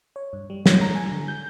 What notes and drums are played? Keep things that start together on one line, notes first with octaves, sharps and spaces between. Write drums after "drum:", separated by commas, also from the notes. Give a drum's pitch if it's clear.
C#5
G2
G3
C#5, drum: snare
A#5
G#5
D3
G6